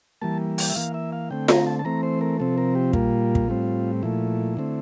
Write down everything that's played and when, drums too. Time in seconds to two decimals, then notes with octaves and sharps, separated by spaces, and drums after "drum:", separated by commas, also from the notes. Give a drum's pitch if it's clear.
0.22 E3 G3 A#3 A5
0.58 G5, drum: open hi-hat
0.70 E5
0.75 E3 A#3 F5
0.94 E5
1.12 F5
1.30 D3 A3 C4 G5
1.48 A#5, drum: snare F4
1.67 A5
1.79 A5
1.85 E3 A3 C4 A#5
2.03 C5
2.21 A#4
2.40 C3 F3 C4 A4
2.58 A#4
2.75 G4
2.93 A#2 G3 A#3 F4, drum: kick
3.35 drum: kick
3.48 A2 G3 C4
4.03 A#2 F3 A3 E4
4.57 D3 A3 C4